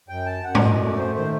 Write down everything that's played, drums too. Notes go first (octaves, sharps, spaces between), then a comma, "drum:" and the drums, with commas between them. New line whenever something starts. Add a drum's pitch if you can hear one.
F#2 G5
A5
F#2 F#5
D5, drum: tom G#2
D#5
A3 D5
C5
D#3 C5